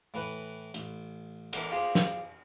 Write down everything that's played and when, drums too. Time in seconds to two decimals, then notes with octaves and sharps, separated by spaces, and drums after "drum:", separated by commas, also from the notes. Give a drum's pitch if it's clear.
0.14 A2 E3 B4
0.74 A1, drum: hi-hat
1.53 D3 E3 A#4, drum: cymbal
1.71 F4 G4 G#4 C5
1.95 drum: snare